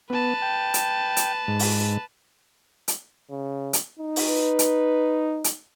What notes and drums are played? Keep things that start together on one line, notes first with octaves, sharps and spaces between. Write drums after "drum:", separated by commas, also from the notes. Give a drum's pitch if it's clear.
B3 B4 A5
G5
drum: hi-hat
drum: hi-hat
G#2
drum: open hi-hat
drum: hi-hat
C#3
drum: hi-hat
D#4
drum: open hi-hat
B4
drum: hi-hat
drum: hi-hat